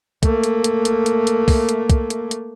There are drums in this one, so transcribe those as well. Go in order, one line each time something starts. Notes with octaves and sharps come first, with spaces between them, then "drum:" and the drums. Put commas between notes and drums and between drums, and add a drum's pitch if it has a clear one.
A3 A#3, drum: kick, hi-hat
drum: hi-hat
drum: hi-hat
drum: hi-hat
drum: hi-hat
drum: hi-hat
drum: kick, open hi-hat
drum: hi-hat
drum: kick, hi-hat
drum: hi-hat
drum: hi-hat